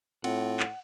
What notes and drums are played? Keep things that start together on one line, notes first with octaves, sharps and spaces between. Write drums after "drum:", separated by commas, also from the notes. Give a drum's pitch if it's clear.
A2 C4 F4 F#5, drum: cymbal
drum: clap